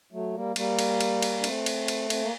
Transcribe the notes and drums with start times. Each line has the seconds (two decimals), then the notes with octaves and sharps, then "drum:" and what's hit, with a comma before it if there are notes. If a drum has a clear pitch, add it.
0.12 F#3 A3
0.34 G3 A#3
0.56 G3 A#3, drum: cymbal
0.79 drum: cymbal
1.01 drum: cymbal
1.22 drum: cymbal
1.40 D4
1.44 A3 C4, drum: cymbal
1.66 drum: cymbal
1.88 drum: cymbal
2.10 C4, drum: cymbal
2.22 A#3